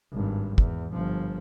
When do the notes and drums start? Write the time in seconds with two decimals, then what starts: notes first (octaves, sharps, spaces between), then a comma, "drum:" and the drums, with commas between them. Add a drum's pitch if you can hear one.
0.13 G#1 G2
0.58 E2, drum: kick
0.93 G1 F3